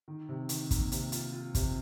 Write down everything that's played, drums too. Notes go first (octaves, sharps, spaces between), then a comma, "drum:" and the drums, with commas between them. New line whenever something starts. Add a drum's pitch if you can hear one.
D#3
C3
D#3, drum: hi-hat
A#3, drum: kick, hi-hat
C3, drum: hi-hat
F4, drum: hi-hat
F4
C3, drum: kick, hi-hat